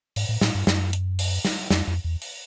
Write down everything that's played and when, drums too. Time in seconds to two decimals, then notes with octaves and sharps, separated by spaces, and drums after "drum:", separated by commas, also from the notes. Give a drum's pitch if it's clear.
0.16 G#2, drum: open hi-hat
0.29 A2
0.41 A2, drum: snare
0.55 G2
0.67 F#2, drum: snare
0.93 drum: hi-hat
1.19 drum: open hi-hat
1.45 drum: snare
1.70 F2, drum: snare
1.88 F2
2.04 E2
2.22 drum: open hi-hat